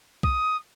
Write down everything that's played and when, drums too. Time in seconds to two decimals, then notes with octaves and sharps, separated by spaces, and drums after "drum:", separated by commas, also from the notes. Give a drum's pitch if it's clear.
0.23 D#6, drum: kick